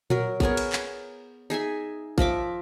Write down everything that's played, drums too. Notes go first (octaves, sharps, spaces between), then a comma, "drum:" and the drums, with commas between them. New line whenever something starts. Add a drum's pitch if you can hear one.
F#3 A#4, drum: tom A#2
B3 G#4 A#4 C#5, drum: kick
drum: cymbal
drum: clap
D#4 G#4 E5 G#5
F3 D#5 E5 D6, drum: kick